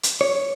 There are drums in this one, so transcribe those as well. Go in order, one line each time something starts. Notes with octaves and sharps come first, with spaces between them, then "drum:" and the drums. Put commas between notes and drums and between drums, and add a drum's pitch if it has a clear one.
drum: hi-hat
C#5